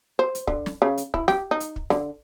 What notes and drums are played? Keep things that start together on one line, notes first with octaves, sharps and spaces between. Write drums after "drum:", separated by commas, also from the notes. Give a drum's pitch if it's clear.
C5
drum: hi-hat
D3, drum: kick
drum: snare
C#3
drum: hi-hat
E4, drum: kick
G4, drum: snare
D#4
drum: hi-hat
drum: kick
D3, drum: snare